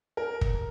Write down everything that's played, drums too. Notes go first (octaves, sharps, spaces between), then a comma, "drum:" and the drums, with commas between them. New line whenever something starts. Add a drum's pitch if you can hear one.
A#4
drum: kick